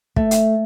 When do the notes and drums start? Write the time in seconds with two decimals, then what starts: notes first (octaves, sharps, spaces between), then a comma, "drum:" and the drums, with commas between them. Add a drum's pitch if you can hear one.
0.16 A3, drum: kick
0.31 drum: hi-hat